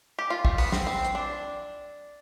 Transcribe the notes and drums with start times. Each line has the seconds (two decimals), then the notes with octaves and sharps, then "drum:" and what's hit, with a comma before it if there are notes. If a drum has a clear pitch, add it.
0.19 G4
0.30 F4
0.45 A3, drum: kick
0.58 B3, drum: open hi-hat
0.72 C4, drum: snare
0.87 C4
1.05 drum: hi-hat
1.15 D4